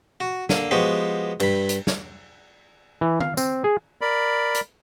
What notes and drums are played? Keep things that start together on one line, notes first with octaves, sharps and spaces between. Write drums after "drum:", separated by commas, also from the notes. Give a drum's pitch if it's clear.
F#4
D3 A#3, drum: snare
F3 G#3 B3 F#4 G4
G2 B5, drum: cymbal
drum: hi-hat
drum: snare
E3
F5, drum: tom D#3
C4, drum: tambourine
G#4
A#4 D5 B5
drum: hi-hat